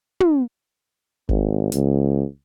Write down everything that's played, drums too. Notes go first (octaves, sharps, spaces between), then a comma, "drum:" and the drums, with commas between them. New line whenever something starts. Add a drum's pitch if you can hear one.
drum: tom
G#1, drum: kick F#1
C#2, drum: hi-hat